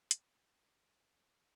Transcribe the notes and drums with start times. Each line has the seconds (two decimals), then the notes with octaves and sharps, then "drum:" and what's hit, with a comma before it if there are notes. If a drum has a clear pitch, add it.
0.11 B4 D5 F#5 G#5 A5 B5, drum: hi-hat